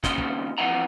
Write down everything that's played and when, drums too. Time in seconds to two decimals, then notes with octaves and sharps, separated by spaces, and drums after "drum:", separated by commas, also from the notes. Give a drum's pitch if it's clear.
0.04 D#2 C#3 C#4 F#4 D#5 C6, drum: snare
0.18 drum: kick
0.58 F2 E3 D#5 F#5 A#5